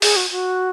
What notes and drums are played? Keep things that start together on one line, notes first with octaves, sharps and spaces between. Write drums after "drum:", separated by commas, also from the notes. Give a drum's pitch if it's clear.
G#4, drum: open hi-hat
F#4
F#4